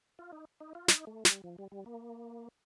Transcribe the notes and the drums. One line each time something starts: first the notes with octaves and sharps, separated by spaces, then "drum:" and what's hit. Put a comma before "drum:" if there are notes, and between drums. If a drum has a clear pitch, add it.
F4
D#4
D#4
F4
D#4, drum: snare
A3
G3, drum: snare
F3
G3
G3
A#3